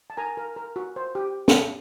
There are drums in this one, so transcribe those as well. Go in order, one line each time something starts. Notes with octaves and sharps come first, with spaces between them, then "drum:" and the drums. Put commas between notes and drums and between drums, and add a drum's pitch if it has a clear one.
A5
A#4 G#5 A#5
A#4
A#4
F#4
C5
G4
drum: snare